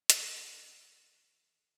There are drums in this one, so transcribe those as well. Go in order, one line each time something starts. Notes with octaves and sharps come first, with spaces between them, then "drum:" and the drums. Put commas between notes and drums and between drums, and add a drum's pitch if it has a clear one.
E3 F4 A4, drum: hi-hat